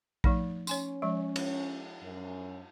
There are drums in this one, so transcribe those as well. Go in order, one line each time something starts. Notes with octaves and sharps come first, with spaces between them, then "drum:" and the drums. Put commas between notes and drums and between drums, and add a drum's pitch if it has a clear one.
F3 A3 D#4, drum: kick A#1
C#4 C#5 G#5 C6, drum: tambourine
F3 G#3
drum: cymbal
F#2